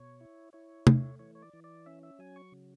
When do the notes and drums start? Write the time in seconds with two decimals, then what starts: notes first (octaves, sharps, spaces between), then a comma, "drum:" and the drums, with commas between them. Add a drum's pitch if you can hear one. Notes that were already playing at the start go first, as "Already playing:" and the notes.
Already playing: B2 C#5
0.21 E4
0.53 E4 C#5
0.87 A3, drum: tom
1.19 E3 C#5
1.35 C#5
1.42 D5
1.53 E3
1.64 D5
1.86 C#4 E5
2.03 E5
2.19 F#3 G#5
2.36 C#6
2.52 C#3